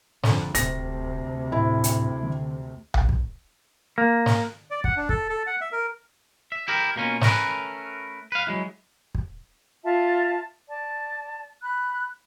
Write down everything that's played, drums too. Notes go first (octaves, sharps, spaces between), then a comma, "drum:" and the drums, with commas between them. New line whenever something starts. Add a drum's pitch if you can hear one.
F2 D3, drum: snare
D#1 D2 C3 A#6, drum: hi-hat
A2 E4
drum: hi-hat
D3
drum: tom B1
drum: kick
A#3
drum: snare
D5
F#5, drum: kick
D4
A4, drum: kick
A4
F#5
E5
A#4
E5
E4 G4 A#4
B2 A#3 C#4 F4
A3 C#4 A#4 B4, drum: snare
B4 F5
F#3 G#3 E4
drum: kick
F4 E5 A5
D5 A5
B5 F#6